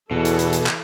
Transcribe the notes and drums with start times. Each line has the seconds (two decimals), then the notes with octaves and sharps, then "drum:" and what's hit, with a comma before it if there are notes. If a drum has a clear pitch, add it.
0.11 E2 B2 E3 E4 A4
0.25 drum: hi-hat
0.39 drum: hi-hat
0.53 drum: hi-hat
0.66 drum: clap